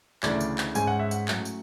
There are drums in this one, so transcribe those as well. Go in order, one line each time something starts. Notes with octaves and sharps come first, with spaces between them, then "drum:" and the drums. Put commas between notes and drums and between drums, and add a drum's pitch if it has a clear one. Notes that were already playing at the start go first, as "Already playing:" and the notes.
D2 C#3 E3 A3 D4 D5, drum: clap
drum: tambourine
drum: clap
G#2 G#3 C#4 G#5, drum: tambourine
F#5
E5
F#5, drum: tambourine
A2 F#3 A3 C#4, drum: clap
drum: tambourine